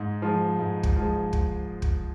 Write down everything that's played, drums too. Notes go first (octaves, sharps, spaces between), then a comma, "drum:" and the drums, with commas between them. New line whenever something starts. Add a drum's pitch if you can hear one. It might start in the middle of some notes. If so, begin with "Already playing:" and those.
Already playing: G#2
F3 G#3
G#2
drum: kick
F3 G#3
drum: kick
drum: kick